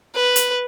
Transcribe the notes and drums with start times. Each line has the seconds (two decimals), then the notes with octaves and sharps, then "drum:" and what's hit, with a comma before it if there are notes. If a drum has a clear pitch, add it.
0.15 B4
0.36 drum: hi-hat